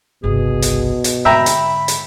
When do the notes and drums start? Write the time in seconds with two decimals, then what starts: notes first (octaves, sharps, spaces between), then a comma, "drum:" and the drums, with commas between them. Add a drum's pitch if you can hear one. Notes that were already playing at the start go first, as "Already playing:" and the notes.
0.24 G1 C2 B2 G#4
0.62 drum: hi-hat
1.04 drum: hi-hat
1.25 G#2 D3 E5 G5 A#5 B5
1.46 drum: hi-hat
1.88 drum: hi-hat